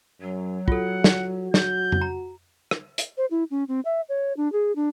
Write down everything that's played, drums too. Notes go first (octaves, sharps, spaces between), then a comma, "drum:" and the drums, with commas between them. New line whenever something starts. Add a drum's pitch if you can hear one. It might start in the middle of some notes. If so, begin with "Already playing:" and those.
F#2 F#3
F4 F#4 A4 F#5, drum: kick
drum: snare
F#3 G6, drum: snare
drum: tom F2
A#5
drum: rim click
drum: hi-hat
C5
E4
C#4
C4
E5
C#5
D4
G#4
D4